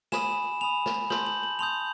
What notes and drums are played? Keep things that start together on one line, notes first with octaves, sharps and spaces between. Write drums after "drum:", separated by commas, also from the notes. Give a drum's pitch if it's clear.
G#5 B5 D#6 E7, drum: snare
G#5 B5 D#6 F7
drum: snare
A5 C6 D#6 G6 F#7, drum: snare
F#7
F#7
A5 C6 D#6 G6 F7